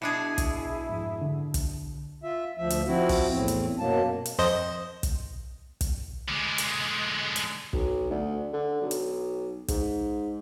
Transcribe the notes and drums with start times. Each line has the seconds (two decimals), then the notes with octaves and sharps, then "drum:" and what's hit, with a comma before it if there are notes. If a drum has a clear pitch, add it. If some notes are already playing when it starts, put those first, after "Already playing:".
0.02 B2 D4 E4 G#4
0.38 drum: kick, hi-hat
0.89 F2 G#2
1.21 D3
1.54 drum: kick, hi-hat
2.23 F4 E5
2.58 D2 F3 E5
2.70 drum: hi-hat
2.87 F3 C4 E4 F#4
3.09 drum: kick, open hi-hat
3.30 E2 A2 C4
3.48 drum: hi-hat
3.79 F#2 B2 F#3 A#3 A5
4.26 drum: hi-hat
4.39 F2 C5 D#5
5.03 drum: kick, hi-hat
5.81 drum: kick, hi-hat
6.28 D3 G#3
6.58 drum: hi-hat
7.36 drum: hi-hat
7.73 B1, drum: kick
8.10 D2
8.53 D3
8.81 B1
8.91 drum: hi-hat
9.68 G#2, drum: kick, hi-hat